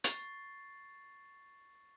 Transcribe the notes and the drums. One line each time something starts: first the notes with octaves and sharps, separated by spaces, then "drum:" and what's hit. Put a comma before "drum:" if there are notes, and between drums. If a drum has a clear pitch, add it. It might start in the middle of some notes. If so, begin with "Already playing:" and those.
C#6 A6 C7, drum: hi-hat